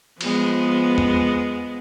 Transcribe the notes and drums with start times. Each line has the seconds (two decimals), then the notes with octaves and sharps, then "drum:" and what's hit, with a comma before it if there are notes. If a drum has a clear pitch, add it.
0.21 F3 G#3 B3, drum: cymbal
0.98 drum: tom E2